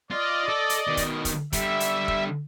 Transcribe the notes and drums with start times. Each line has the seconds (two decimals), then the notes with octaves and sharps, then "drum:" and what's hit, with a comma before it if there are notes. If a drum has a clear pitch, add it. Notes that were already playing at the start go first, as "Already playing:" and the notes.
0.11 F4 D5 D#5
0.49 A4
0.70 drum: hi-hat
0.87 B2 D#3
0.97 drum: kick F1, hi-hat
1.25 drum: kick F1, hi-hat
1.53 D3 G3 E5, drum: kick F1, hi-hat
1.80 drum: hi-hat
2.08 drum: kick F1